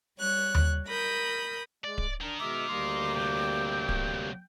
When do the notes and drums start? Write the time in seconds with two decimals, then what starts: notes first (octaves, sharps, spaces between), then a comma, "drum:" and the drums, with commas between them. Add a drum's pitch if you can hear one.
0.18 G3 C#5 F#6
0.55 drum: tom D#2
0.86 A#4 B5 D#6 G6
1.84 G#3 D5
1.98 drum: kick D1
2.21 D4 D#4 A#4
2.40 B2 G#3 E5 D6
2.69 D2 G3 A#3 C6
3.15 C3 F#3 G5
3.89 drum: kick D1